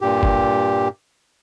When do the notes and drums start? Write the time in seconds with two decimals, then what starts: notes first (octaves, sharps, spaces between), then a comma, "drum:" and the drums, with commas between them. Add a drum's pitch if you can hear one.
0.01 G2 A#2 G4
0.23 drum: kick